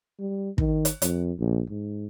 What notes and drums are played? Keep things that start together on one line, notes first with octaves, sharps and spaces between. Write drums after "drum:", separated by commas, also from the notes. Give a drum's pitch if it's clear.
G3
D#3, drum: kick
drum: hi-hat
F2, drum: hi-hat
A#1
G#2